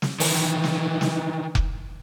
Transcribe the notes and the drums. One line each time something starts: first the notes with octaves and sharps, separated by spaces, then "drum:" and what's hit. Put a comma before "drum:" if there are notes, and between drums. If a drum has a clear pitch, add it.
drum: snare
D#3 E3, drum: open hi-hat
drum: snare
drum: snare
drum: kick F1